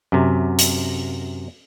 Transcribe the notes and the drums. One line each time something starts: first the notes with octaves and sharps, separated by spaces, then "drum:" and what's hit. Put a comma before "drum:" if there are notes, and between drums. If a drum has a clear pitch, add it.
F#2 C3
drum: hi-hat